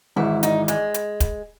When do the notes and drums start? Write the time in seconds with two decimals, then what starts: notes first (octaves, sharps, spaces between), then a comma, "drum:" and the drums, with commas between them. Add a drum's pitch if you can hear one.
0.16 G#1 G#2 E3 E4
0.43 D#4, drum: hi-hat
0.68 G#3, drum: hi-hat
0.94 drum: hi-hat
1.20 drum: kick, hi-hat